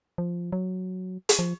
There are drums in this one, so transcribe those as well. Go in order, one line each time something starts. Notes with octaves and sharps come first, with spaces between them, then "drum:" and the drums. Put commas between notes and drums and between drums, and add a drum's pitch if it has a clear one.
F3
F#3
drum: hi-hat
F3